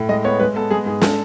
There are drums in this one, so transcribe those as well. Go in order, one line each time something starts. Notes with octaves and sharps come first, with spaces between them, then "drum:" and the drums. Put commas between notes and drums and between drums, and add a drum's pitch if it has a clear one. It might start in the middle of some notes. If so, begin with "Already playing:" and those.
Already playing: A2
G#3 D#5
B3 C#5
G#3 B4
B3 A4
G#3 G#4
G#2 G#4
G#3 A4, drum: snare